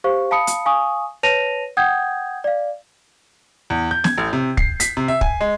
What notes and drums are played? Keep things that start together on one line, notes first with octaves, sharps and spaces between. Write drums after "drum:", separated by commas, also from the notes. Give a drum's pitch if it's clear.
G4 C5 F5 C#6
F5 A5 B5 D#6 C#7
drum: hi-hat
F5 G#5 C#6 D#6
B4 C#5 A5 A#6 D#7 F7
F#5 G5 D#6 G6 G#6
D5 F5
E2
G6
G#6, drum: snare
A1
C3
C7, drum: kick
B6, drum: hi-hat
C3
E5
G#5, drum: kick
G#3